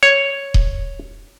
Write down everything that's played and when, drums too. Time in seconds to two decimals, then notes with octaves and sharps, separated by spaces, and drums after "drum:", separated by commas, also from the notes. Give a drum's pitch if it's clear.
0.03 C#5
0.54 drum: kick D#1